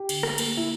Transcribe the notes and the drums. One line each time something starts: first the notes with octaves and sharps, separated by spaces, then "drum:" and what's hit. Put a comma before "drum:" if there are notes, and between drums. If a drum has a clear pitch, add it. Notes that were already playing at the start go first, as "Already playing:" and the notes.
Already playing: G4
D3, drum: cymbal
drum: rim click
A#3, drum: cymbal
E4